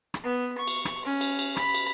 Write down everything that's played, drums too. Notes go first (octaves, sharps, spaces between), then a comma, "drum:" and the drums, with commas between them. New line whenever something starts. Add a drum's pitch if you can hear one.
drum: rim click
B3
C#6
drum: cymbal
drum: rim click
C#4
drum: cymbal
drum: cymbal
B5, drum: rim click
drum: cymbal